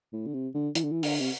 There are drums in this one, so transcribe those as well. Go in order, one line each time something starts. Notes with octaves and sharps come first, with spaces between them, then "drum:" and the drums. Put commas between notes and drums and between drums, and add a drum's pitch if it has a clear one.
A2
D3
C3
D3
E3, drum: hi-hat
D3
E3
D3, drum: open hi-hat
C3